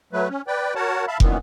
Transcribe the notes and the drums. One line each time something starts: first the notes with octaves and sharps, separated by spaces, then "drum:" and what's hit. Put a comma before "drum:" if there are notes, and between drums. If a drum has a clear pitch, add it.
F#3 A3 B4
C#4
B4 D5 G5
F#4 A#4 C#5 F#5 A5
E5 F5 A5 B5
F#2 A#2 D#3 E3 B3, drum: kick